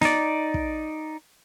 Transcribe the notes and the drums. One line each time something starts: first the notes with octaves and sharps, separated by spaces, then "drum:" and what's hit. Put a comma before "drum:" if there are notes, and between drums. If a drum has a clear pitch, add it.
D#4 D5, drum: snare
drum: kick